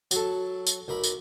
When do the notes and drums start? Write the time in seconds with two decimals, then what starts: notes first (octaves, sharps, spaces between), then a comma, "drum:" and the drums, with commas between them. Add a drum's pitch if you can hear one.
0.11 F#3 A4, drum: tambourine
0.67 drum: tambourine
0.88 B1 A#4 B5
1.04 drum: tambourine